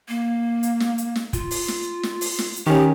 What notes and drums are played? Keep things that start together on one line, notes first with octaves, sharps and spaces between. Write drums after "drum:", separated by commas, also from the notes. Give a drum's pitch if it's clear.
A#3
drum: hi-hat
drum: snare
drum: hi-hat
drum: snare
F4, drum: kick, hi-hat
drum: open hi-hat
drum: snare
drum: snare
drum: open hi-hat
drum: snare
drum: hi-hat
D#3 C#4 G4